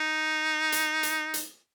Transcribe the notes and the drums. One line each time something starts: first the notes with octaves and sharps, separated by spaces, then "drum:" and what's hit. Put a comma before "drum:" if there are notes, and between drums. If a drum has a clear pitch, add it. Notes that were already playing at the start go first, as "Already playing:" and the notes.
Already playing: D#4
drum: hi-hat
drum: hi-hat
drum: hi-hat